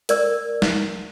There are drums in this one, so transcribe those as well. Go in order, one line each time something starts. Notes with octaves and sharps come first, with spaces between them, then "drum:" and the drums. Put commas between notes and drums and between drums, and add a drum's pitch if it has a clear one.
A#4 D5 E6, drum: hi-hat
drum: snare